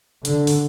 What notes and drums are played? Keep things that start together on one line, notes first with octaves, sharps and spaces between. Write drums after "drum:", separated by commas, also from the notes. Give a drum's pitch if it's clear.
D3, drum: hi-hat
drum: open hi-hat